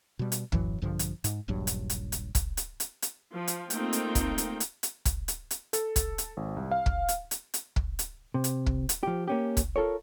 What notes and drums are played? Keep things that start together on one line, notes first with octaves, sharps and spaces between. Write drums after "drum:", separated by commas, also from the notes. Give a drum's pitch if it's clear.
B2 G3
drum: hi-hat
F#2 A2 E3 F#3, drum: kick
A#1 G2 D3 F3
drum: hi-hat
G#2, drum: hi-hat
D#1 A#1 G2 F#3
drum: hi-hat
drum: hi-hat
drum: hi-hat
drum: kick, hi-hat
drum: hi-hat
drum: hi-hat
drum: hi-hat
F3
drum: hi-hat
A3 A#3 C4 D#4 F4 G5, drum: hi-hat
drum: hi-hat
drum: kick, hi-hat
drum: hi-hat
drum: hi-hat
drum: hi-hat
drum: kick, hi-hat
drum: hi-hat
drum: hi-hat
A4, drum: hi-hat
drum: kick, hi-hat
drum: hi-hat
G#1
C2
F5
drum: kick
drum: hi-hat
drum: hi-hat
drum: hi-hat
drum: kick
drum: hi-hat
C3
drum: hi-hat
drum: kick
drum: hi-hat
F3 G4
A#3 C#4 G4
drum: kick, hi-hat
F4 A4 A#4 C#5